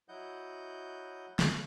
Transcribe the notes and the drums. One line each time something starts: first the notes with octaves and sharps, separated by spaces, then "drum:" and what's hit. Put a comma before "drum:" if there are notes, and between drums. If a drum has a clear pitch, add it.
F#3 E4 D#5 F#5 G6
drum: snare